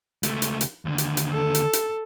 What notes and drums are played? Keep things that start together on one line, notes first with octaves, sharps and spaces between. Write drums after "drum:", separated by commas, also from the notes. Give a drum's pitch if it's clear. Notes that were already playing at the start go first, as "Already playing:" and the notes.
C#2 A3, drum: hi-hat
drum: hi-hat
drum: hi-hat
D#2 D3
drum: hi-hat
drum: hi-hat
A4
drum: hi-hat
drum: hi-hat